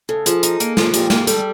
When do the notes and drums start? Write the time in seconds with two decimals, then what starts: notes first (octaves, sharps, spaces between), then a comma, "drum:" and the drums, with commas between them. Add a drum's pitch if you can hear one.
0.09 C#3 A4
0.26 F3 G#4, drum: hi-hat
0.43 D#4, drum: hi-hat
0.60 A#3, drum: hi-hat
0.77 F3, drum: snare
0.94 A#2 G4, drum: hi-hat
1.10 A#3, drum: snare
1.27 G3 A4, drum: hi-hat